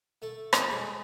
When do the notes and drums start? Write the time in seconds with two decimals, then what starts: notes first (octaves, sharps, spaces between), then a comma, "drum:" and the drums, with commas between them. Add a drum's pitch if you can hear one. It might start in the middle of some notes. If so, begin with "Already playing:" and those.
0.22 A3 A4
0.53 G#4, drum: rim click
0.61 G4
0.70 G#3 G#4